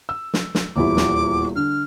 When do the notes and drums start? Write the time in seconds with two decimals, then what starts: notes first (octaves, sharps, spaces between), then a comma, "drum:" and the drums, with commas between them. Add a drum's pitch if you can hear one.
0.09 E6
0.34 drum: snare
0.55 drum: snare
0.76 D#1 E2 E4 D6
0.97 drum: snare
1.56 D3 F6